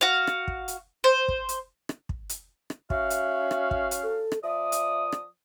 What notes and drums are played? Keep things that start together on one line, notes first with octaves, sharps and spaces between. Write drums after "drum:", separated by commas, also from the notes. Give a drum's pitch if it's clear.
F#4 F5
drum: rim click
drum: kick
drum: hi-hat
C5
drum: kick
drum: hi-hat
drum: rim click
drum: kick
drum: hi-hat
drum: rim click
C#4 F#4 E5 F5, drum: kick
drum: hi-hat
drum: rim click
drum: kick
drum: hi-hat
A4
drum: rim click
F3 D5 E5 D#6
drum: hi-hat
drum: rim click